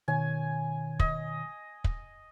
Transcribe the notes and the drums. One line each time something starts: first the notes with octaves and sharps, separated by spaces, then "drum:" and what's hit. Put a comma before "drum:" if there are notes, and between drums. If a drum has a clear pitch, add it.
B2 D#3 C#5 G#5
D#5, drum: kick
drum: kick